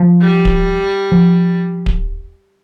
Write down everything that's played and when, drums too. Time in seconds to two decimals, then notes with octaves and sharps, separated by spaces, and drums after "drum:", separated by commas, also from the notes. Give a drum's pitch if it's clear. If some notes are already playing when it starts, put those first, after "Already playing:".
Already playing: F3
0.21 G3
0.45 drum: kick D1
1.12 F3
1.86 drum: kick D1